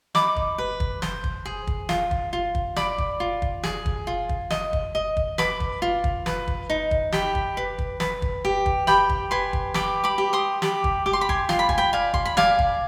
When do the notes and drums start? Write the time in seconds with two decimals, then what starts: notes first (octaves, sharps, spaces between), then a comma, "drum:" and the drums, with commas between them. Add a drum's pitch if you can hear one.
0.15 D#4 B5 D6, drum: snare
0.36 drum: kick
0.58 B4
0.80 drum: kick
1.02 C5, drum: snare
1.24 drum: kick
1.45 G#4
1.67 drum: kick
1.89 F4, drum: snare
2.11 drum: kick
2.33 F4
2.55 drum: kick
2.76 D5 B5 D6, drum: snare
2.98 drum: kick
3.20 F4
3.42 drum: kick
3.63 G#4, drum: snare
3.86 drum: kick
4.07 F4
4.29 drum: kick
4.50 D#5, drum: snare
4.73 drum: kick
4.95 D#5
5.17 drum: kick
5.38 B4 B5 D6, drum: snare
5.60 drum: kick
5.82 F4
6.04 drum: kick
6.26 B4, drum: snare
6.48 drum: kick
6.70 D#4
6.91 drum: kick
7.12 G4 G5 B5, drum: snare
7.35 drum: kick
7.57 B4
7.78 drum: kick
8.00 B4, drum: snare
8.22 drum: kick
8.45 G4
8.66 drum: kick
8.87 G4 G5 B5, drum: snare
9.09 drum: kick
9.31 B4 G#5 C6
9.53 drum: kick
9.74 G4 B5 D6, drum: snare
10.04 B5 D6
10.18 G4
10.33 C6 D#6
10.62 G4 B5 D6, drum: snare
10.84 drum: kick
11.06 G4 D6
11.13 C6
11.21 B5
11.29 G#5 C6, drum: kick
11.49 F4 C6, drum: snare
11.59 B5
11.69 G#5, drum: kick
11.78 G5 B5
11.93 D5 F5 G#5
12.14 C6, drum: kick
12.25 B5
12.37 D5 F5 G#5, drum: snare
12.59 drum: kick